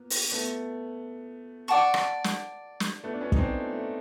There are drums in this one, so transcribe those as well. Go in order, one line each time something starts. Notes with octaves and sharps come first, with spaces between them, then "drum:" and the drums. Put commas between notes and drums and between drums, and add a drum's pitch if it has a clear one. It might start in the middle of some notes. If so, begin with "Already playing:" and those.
Already playing: A#3 B3
drum: open hi-hat
A3 B3
D5 F#5 A5 C#6
drum: rim click
drum: snare
drum: snare
A3 B3
D4
B3 C#4
D#4, drum: kick
C4 D4
A3
A3